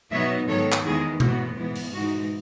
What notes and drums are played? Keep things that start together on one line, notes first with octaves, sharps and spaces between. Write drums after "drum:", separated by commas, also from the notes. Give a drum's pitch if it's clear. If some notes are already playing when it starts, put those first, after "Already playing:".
B2 F#3 B3 D#4 C#5 E5
G#2 D#3 F#3 B3 A4 C#5
drum: clap
E2 D#3 G#3 B3 E4 G#4
A2 E3 B3 F#4, drum: tom B2
G#2 E3 B3 E4
drum: open hi-hat
G#2 E3 G#3 D#4 F#4